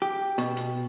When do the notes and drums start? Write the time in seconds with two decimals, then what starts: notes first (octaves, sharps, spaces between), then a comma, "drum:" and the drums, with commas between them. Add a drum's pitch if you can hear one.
0.02 G4
0.38 B2, drum: hi-hat
0.57 drum: hi-hat